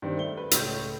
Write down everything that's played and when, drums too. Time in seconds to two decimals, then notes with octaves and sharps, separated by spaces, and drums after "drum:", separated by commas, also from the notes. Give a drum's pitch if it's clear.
0.02 G2 D#3 C4
0.17 A3 G7
0.37 B4
0.51 C#2 A2 C#5 G6, drum: hi-hat